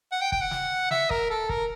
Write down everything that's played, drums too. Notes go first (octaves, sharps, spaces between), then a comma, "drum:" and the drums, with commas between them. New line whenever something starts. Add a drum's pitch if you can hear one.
F#5
G5
G5, drum: kick
F#5
drum: snare
E5, drum: snare
A#4, drum: kick
A4
A#4, drum: kick